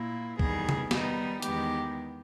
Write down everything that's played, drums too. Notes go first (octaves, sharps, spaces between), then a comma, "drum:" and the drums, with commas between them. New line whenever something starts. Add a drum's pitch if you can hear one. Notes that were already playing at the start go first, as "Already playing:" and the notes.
Already playing: A#2 A#3 E4
E2 D#3 G3 B3 G#4, drum: kick C2
drum: tom C3
D#3 G3 B3 D#4, drum: snare
E2 D#3 G#3 B3 G4, drum: hi-hat